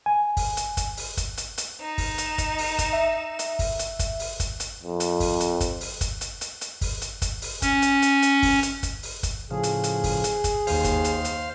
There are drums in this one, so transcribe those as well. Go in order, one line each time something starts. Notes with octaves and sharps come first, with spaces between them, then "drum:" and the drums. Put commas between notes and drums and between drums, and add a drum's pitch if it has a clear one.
G#5
drum: kick, open hi-hat
drum: hi-hat
drum: kick, hi-hat
drum: open hi-hat
drum: kick, hi-hat
drum: hi-hat
drum: hi-hat
D#4 E7
drum: kick, open hi-hat
drum: hi-hat
drum: kick, hi-hat
drum: open hi-hat
drum: kick, hi-hat
E5
drum: hi-hat
drum: kick, open hi-hat
drum: hi-hat
drum: kick, hi-hat
drum: open hi-hat
drum: kick, hi-hat
drum: hi-hat
F2
drum: hi-hat
drum: kick, open hi-hat
drum: hi-hat
drum: kick, hi-hat
drum: open hi-hat
drum: kick, hi-hat
drum: hi-hat
drum: hi-hat
drum: hi-hat
drum: kick, open hi-hat
drum: hi-hat
drum: kick, hi-hat
drum: open hi-hat
C#4, drum: kick, hi-hat
drum: hi-hat
drum: hi-hat
drum: hi-hat
drum: kick, open hi-hat
drum: hi-hat
drum: kick, hi-hat
drum: open hi-hat
drum: kick, hi-hat
A2 C#3 F3 G#4
drum: hi-hat
drum: hi-hat
drum: kick, open hi-hat
drum: hi-hat
drum: kick, hi-hat
D#2 C5 F5, drum: open hi-hat
drum: kick, hi-hat
drum: hi-hat
drum: hi-hat